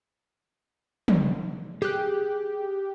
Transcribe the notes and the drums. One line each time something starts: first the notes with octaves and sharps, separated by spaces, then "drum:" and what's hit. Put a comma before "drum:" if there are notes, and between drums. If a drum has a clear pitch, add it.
drum: tom
G4 G#4 F#6